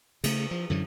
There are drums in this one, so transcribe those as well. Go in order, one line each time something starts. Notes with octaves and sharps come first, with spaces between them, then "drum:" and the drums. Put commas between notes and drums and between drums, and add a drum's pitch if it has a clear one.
C#3 A3, drum: cymbal
F3
F#2 D3 E3 F#3